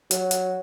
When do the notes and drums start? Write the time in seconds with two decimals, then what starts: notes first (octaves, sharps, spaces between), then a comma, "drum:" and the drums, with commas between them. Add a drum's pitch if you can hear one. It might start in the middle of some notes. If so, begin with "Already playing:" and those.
0.11 F#3, drum: hi-hat
0.31 drum: hi-hat